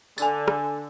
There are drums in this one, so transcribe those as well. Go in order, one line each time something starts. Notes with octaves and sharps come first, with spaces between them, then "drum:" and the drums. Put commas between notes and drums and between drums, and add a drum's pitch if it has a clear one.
D3 G#5 A6, drum: tambourine
drum: rim click